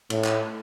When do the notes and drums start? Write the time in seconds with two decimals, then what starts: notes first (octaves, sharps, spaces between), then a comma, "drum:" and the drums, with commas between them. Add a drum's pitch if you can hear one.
0.10 A2, drum: cymbal
0.25 drum: clap